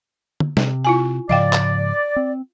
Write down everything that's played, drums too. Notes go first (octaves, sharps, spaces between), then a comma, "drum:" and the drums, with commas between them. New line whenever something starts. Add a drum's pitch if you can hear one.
drum: tom
C3, drum: snare
E4 F4 G#5
G#2 C#3 F3 D5 D#5 F5 G5
drum: clap
C4